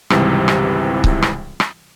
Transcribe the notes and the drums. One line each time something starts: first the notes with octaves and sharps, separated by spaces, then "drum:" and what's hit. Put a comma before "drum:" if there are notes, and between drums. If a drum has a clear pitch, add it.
G#1 C#2 C3 E3 G3, drum: rim click
drum: rim click
drum: kick C#1
drum: rim click
drum: rim click